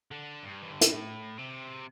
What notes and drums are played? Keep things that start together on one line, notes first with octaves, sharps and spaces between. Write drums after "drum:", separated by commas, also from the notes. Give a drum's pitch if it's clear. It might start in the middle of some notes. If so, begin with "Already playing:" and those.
D3
G2
E3
D3
C3, drum: hi-hat
A2
C3